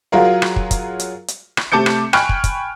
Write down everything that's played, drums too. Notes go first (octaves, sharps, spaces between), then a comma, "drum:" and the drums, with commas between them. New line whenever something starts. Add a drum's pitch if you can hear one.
F#3 F4 F#4 G#4 A#4 F5
drum: rim click
drum: kick
drum: kick, hi-hat
drum: hi-hat
drum: hi-hat
drum: rim click
C3 A3 A5 D6 G6 C#7
drum: rim click
G5 G#5 B5 C#6 F6 F#6, drum: rim click
drum: kick
drum: kick, hi-hat